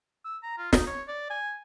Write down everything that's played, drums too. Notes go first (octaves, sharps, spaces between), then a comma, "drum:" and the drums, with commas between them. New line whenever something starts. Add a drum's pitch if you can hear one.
E6
A#5
F4
D#4, drum: snare
C#5
D5
G#5